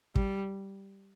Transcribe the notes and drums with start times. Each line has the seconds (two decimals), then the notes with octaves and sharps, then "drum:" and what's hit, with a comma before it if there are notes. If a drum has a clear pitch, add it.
0.15 G3, drum: kick